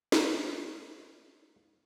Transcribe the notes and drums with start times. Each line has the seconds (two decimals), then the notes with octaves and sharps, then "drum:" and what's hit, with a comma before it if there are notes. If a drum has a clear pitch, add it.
0.12 C#4 B4, drum: snare